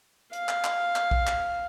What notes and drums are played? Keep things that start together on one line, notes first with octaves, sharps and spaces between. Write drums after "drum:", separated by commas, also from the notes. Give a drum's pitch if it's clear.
F5, drum: hi-hat
drum: clap
drum: clap
drum: clap
drum: kick B1
drum: clap